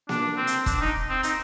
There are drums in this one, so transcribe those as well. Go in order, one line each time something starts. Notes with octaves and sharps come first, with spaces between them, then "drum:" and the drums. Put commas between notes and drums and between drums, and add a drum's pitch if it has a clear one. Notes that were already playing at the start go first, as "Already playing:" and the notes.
D4, drum: snare A#3
C4
drum: hi-hat
D4, drum: kick E1, hi-hat
D#4
C4
D#4, drum: hi-hat